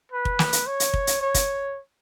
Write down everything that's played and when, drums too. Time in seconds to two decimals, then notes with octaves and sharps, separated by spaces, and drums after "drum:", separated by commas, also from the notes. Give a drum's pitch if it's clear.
0.12 B4
0.25 drum: kick
0.39 drum: snare
0.53 drum: hi-hat
0.66 C#5
0.80 drum: hi-hat
0.94 drum: kick
1.07 drum: hi-hat
1.21 C#5
1.34 drum: kick, hi-hat